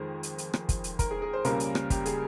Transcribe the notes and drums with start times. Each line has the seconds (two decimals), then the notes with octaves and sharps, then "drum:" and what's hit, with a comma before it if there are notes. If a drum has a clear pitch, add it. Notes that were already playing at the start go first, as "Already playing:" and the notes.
Already playing: F2 D#3 G#3 G#4
0.23 drum: hi-hat
0.38 drum: hi-hat
0.53 drum: rim click
0.69 drum: kick, hi-hat
0.84 drum: hi-hat
0.99 A#4, drum: kick, hi-hat
1.11 G#4
1.22 G#4
1.33 C5
1.45 C#2 C#3 G3 A#3 A#4, drum: hi-hat
1.60 drum: hi-hat
1.75 drum: rim click
1.90 G4, drum: kick, hi-hat
2.06 G#4, drum: hi-hat